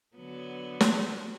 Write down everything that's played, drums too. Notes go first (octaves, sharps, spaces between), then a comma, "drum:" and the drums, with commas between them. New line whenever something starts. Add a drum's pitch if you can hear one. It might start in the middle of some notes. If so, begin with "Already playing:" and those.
D3 F#3 B3
drum: snare